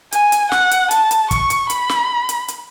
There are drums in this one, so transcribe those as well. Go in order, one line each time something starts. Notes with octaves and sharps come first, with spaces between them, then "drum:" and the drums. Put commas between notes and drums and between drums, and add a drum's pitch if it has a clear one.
G#5, drum: hi-hat
drum: hi-hat
F#5, drum: snare
drum: hi-hat
A5, drum: hi-hat
drum: hi-hat
C#6, drum: kick, hi-hat
drum: hi-hat
B5, drum: hi-hat
drum: snare
drum: hi-hat
drum: hi-hat